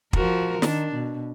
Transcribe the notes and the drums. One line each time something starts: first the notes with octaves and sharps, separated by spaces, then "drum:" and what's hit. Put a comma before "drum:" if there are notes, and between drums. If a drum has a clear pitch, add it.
F3 F#4 A#4, drum: kick
D#3 D4, drum: snare
B2